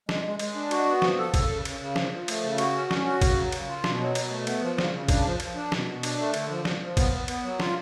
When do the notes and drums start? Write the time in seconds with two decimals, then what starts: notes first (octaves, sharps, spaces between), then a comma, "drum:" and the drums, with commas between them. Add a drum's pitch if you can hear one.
0.09 G#3, drum: snare
0.25 G#3
0.39 G#3, drum: cymbal
0.55 D4
0.71 F#4, drum: cymbal
0.87 B3
1.02 F3, drum: snare
1.18 A4
1.34 C#3, drum: kick, cymbal
1.49 C#3
1.65 C#3, drum: cymbal
1.80 C#3
1.96 F3, drum: snare
2.12 F3
2.28 A3, drum: cymbal
2.43 C#3
2.58 F#4, drum: cymbal
2.75 C#4
2.91 C#4, drum: snare
3.05 F#4
3.21 C#3, drum: kick, cymbal
3.37 F#3
3.52 C#3, drum: cymbal
3.69 F4
3.84 B2, drum: snare
4.00 F#3
4.15 B2, drum: cymbal
4.31 A3
4.47 B3, drum: cymbal
4.62 F3
4.78 C#3, drum: snare
4.93 C#3
5.08 D4, drum: kick, cymbal
5.25 F3
5.40 F3, drum: cymbal
5.55 D4
5.72 B2, drum: snare
5.87 B2
6.03 D4, drum: cymbal
6.18 A3
6.34 D3, drum: cymbal
6.50 F3
6.65 F3, drum: snare
6.82 F3
6.97 B3, drum: kick, cymbal
7.13 B3
7.28 B3, drum: cymbal
7.43 F#3
7.60 F4, drum: snare